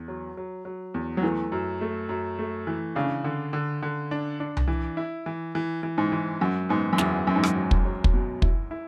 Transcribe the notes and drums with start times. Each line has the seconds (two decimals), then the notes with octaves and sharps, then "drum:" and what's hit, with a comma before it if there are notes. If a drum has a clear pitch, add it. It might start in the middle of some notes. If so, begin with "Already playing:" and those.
Already playing: E2
0.08 F#3
0.37 F#3
0.65 F#3
0.94 E2
1.17 F#3
1.23 E3 A3
1.52 F#2
1.81 A3
2.09 F#2
2.39 A3
2.67 E3
2.95 C#3 D4
3.24 D3
3.53 D3
3.83 D3
4.11 D4
4.40 D4
4.57 drum: tom C2
4.68 E3
4.97 E4
5.26 E3
5.55 E3
5.83 E3
5.98 G#2
6.12 E3
6.41 F#2 F#4
6.69 G#2 B3
6.93 F#2
6.98 E2 F#4, drum: snare
7.26 F#2 F#4
7.36 G#2
7.43 F#2, drum: rim click
7.55 F#3
7.71 drum: kick
7.85 F#3
8.04 drum: kick
8.14 B2
8.42 E4, drum: kick
8.71 E4